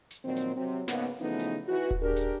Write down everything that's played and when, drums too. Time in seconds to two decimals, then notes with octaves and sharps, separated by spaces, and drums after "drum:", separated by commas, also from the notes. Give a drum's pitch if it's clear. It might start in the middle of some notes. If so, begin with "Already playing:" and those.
0.11 drum: hi-hat
0.25 A#2 D#3 F3 F#3 C4
0.36 drum: hi-hat
0.57 C3 F#3 C4
0.88 G#2 C#3 A#3 B3, drum: snare
1.21 C#3 E3 F3 A3 B3 D#4
1.39 drum: hi-hat
1.68 E3 F#4
1.91 drum: kick D#1
2.02 D4 G4 G#4 A#4
2.16 drum: hi-hat